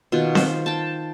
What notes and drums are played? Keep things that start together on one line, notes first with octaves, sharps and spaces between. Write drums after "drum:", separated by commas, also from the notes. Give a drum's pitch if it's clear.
B2 D#3 F4
C5, drum: snare C4
G5 A5